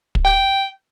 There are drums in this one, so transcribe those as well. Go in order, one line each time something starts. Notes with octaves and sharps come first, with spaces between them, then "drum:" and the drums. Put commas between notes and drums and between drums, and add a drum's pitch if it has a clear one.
drum: kick
G5